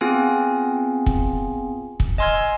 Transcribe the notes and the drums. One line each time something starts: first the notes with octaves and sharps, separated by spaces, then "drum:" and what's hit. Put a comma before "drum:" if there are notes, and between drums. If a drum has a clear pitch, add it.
B3 C4 F4 G#4 F5 G#5
drum: kick
drum: kick
D#5 G#5 C6 E6 F6 G#6